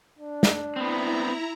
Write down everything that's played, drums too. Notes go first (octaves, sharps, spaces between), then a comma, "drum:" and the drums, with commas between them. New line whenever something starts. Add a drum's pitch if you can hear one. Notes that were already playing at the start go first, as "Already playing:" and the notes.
D4
drum: snare
B3 C4 E4 A#5